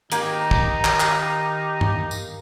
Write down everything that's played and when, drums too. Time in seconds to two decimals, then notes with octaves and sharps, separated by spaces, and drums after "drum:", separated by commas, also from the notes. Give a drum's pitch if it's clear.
0.12 D#3 A#3 D#4 G4 D#5 G5 G#5, drum: hi-hat
0.51 drum: kick
0.84 drum: clap
1.00 drum: clap
1.11 F5
1.81 drum: tom
2.11 drum: tambourine